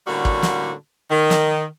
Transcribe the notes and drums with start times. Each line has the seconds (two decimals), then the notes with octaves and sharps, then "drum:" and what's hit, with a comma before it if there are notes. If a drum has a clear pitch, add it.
0.07 A2 D3 G3 A#3 C#4 F#4
0.25 drum: kick
0.42 drum: snare
1.11 D#3
1.30 drum: snare